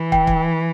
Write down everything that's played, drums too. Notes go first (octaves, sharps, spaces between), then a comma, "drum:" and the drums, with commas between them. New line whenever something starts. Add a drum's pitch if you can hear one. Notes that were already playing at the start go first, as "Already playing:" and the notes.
Already playing: E3
G5, drum: kick
drum: kick